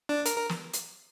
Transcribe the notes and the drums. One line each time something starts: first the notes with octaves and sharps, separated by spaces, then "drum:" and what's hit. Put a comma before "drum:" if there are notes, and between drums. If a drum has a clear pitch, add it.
D4
A#4, drum: hi-hat
A#4
drum: snare
drum: hi-hat